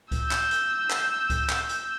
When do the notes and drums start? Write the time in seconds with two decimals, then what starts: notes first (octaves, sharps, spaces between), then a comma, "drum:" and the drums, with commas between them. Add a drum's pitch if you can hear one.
0.11 E6 G6, drum: kick C#2, hi-hat
0.31 drum: clap
0.51 drum: hi-hat
0.90 drum: clap
1.30 drum: kick C#2, hi-hat
1.49 drum: clap
1.69 drum: hi-hat